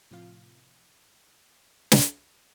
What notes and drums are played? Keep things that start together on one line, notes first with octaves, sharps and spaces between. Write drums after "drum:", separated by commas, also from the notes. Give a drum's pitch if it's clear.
A2 C3 F3 F4 F5
drum: snare